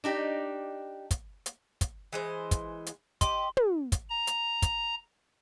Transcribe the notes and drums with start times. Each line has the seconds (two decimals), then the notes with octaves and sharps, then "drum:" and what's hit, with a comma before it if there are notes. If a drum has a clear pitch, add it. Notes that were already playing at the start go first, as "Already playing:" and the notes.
0.04 D4 D#4 G4
1.11 drum: kick, hi-hat
1.46 drum: hi-hat
1.81 drum: kick, hi-hat
2.13 E3 G#3 C5
2.51 drum: kick, hi-hat
2.86 drum: hi-hat
3.21 G4 D#5 C6, drum: kick, hi-hat
3.57 drum: tom
3.92 drum: kick, hi-hat
4.10 A#5
4.27 drum: hi-hat
4.62 drum: kick, hi-hat